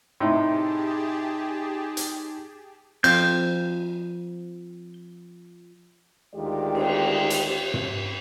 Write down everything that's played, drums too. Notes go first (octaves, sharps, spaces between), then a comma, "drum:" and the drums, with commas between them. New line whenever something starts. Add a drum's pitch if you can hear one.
A2 C3 D#4 G4 G#4 A5 C6
drum: hi-hat
F3 C4 G6, drum: cymbal
D2 D#3 G#3 F4 G4 D5
drum: cymbal
drum: hi-hat
drum: tom